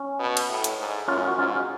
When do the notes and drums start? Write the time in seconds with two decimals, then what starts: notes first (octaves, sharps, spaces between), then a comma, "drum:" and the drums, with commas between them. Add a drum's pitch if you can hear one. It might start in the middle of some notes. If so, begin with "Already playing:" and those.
Already playing: C#4
0.19 B2
0.37 drum: cymbal
0.49 A2
0.64 drum: hi-hat
0.78 G#2
1.08 F#2 C#4 F4
1.27 F#4
1.38 G#2 C#4 F4